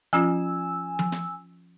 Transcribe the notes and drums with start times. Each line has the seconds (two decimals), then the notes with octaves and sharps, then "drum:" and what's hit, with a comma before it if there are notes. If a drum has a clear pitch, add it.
0.13 F3 C#4 F4 G#5 E6
0.99 drum: tom F3
1.12 drum: snare